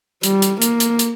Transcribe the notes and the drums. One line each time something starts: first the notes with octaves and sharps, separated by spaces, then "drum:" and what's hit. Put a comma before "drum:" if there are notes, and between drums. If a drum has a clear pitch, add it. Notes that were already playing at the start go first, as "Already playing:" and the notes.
G3, drum: hi-hat
drum: hi-hat
A#3, drum: hi-hat
drum: hi-hat
drum: hi-hat